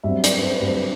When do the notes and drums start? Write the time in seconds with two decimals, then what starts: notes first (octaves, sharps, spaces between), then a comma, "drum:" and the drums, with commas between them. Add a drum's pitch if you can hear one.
0.03 G2 F#3 C4 E5
0.24 D5, drum: hi-hat
0.43 C5
0.56 B4
0.61 G2 F#3 C4 C5
0.76 B4